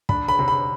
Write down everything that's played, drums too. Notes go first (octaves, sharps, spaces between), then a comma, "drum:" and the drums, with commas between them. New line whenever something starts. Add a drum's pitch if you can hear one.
D4 B5, drum: kick
B5
C3
B5